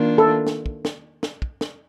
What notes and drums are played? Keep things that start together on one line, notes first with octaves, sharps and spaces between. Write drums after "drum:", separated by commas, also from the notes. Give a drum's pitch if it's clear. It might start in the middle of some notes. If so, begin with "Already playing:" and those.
Already playing: D#3 A#3 D4 F4
A4
drum: snare
drum: kick
drum: snare
drum: snare
drum: kick
drum: snare